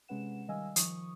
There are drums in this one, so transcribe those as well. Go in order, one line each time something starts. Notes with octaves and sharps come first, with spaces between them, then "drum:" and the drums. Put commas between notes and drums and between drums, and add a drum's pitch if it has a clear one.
C3 G#3 C#4 B4 F#5 E7
D#3 G3 D#5 F5 G#5 E6
D#3 F3 C#6 D#6, drum: hi-hat